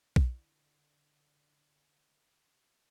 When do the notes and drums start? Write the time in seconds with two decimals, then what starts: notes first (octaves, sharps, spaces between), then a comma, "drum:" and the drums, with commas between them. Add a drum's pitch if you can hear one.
0.16 D3 E4 D5, drum: kick B1